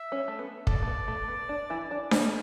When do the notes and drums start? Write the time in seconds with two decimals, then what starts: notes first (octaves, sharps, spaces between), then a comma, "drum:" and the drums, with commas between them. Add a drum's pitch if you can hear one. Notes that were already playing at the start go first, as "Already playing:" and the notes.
Already playing: E5
0.12 C#4
0.28 A3
0.39 B3
0.67 A3 D5, drum: kick
0.83 A3
0.88 B3
1.08 A3
1.28 B3
1.49 D4
1.70 E3 E4
1.91 D4
2.11 C#4, drum: snare D4